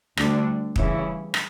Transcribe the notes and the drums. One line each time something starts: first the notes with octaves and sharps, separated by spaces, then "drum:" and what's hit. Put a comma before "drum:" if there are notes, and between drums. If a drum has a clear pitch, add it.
D2 D3 G3 D4, drum: rim click
C#3 E3 G3 C#4 E4, drum: kick
drum: rim click